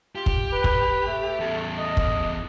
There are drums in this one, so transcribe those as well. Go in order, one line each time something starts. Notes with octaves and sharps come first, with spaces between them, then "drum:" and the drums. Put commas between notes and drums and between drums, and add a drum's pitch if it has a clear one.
F4 G4
drum: kick
B4
drum: kick
A3
E2 A4
D#5
drum: kick